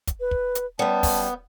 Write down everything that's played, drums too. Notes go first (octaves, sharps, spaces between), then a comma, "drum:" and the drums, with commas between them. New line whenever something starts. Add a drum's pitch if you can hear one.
drum: kick, hi-hat
B4
drum: kick
drum: hi-hat
F#2 G3 B3 A5
drum: kick, open hi-hat